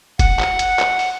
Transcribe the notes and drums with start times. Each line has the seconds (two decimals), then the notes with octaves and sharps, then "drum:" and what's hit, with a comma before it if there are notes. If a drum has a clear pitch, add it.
0.19 F#5, drum: kick E1, hi-hat
0.39 drum: clap
0.59 drum: hi-hat
0.79 drum: clap
0.99 drum: open hi-hat